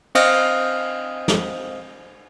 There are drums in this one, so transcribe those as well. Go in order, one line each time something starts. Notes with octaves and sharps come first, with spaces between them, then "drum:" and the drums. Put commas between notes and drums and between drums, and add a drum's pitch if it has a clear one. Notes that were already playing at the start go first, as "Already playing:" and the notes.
C4 C5 D#5 F5 D#6 F6, drum: cymbal
drum: snare